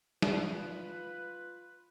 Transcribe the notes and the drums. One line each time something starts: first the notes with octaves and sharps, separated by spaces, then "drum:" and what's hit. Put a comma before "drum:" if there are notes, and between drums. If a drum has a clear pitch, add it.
F4 B4, drum: snare